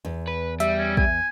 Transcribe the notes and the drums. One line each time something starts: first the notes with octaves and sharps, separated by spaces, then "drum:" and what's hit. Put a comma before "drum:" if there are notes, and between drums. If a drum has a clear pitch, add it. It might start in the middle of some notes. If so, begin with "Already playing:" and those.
E2
B4
G3 E5, drum: hi-hat
C#4
G#5, drum: kick